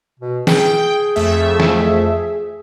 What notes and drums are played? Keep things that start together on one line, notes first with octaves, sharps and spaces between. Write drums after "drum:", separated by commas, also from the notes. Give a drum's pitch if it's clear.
B2
G#4 G5, drum: snare
F2 A3 E5
drum: snare